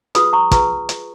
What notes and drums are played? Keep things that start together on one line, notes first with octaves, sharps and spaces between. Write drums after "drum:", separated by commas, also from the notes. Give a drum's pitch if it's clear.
F4 G#4 B4 B5 D#6, drum: hi-hat
A#5 C#6
F4 G#4 B4 A#5 C#6, drum: kick, hi-hat
drum: hi-hat